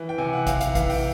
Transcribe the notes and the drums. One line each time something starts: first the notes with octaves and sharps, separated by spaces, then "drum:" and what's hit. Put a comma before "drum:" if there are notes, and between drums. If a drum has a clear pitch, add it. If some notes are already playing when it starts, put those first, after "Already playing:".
Already playing: E3
G5
C3 G#5
F#5
C3 F5, drum: kick A1, hi-hat
F5, drum: hi-hat
E3 F5, drum: kick A1, hi-hat
G5, drum: open hi-hat